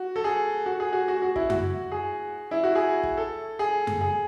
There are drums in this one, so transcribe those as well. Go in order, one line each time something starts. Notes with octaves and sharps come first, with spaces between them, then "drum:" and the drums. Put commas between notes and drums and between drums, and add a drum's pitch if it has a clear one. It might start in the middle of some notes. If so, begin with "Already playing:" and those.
Already playing: F#4
A4
G#4
F#4
G#4
F#4
F#4
F#4
E4, drum: kick
F#4, drum: tom F#2
G#4
E4
F#4
G#4
drum: kick
A4
G#4
drum: tom F#2
G#4